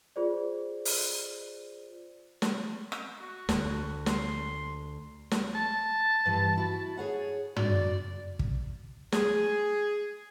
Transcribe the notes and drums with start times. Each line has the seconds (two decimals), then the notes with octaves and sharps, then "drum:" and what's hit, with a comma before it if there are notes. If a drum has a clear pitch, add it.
0.16 F4 G#4 C5 D5
0.85 drum: open hi-hat
2.42 drum: snare
2.92 drum: rim click
3.20 F#4
3.49 D2, drum: snare
4.06 C6, drum: snare
5.31 drum: snare
5.55 A5
6.26 G2 E3
6.57 E4 F#4
6.97 G#4 C#5 F#5
7.56 F#4 D5, drum: tom
8.39 drum: kick
9.12 G#4, drum: snare